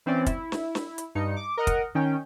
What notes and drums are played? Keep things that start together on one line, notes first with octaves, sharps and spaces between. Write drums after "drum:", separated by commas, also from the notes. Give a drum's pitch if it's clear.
E3 C4 C#4 D5
E4, drum: kick, hi-hat
drum: snare
drum: snare
drum: hi-hat
G2 D#4 C#7
D6
A#4 D#5 F#5
drum: kick, hi-hat
D#3 C#4 G5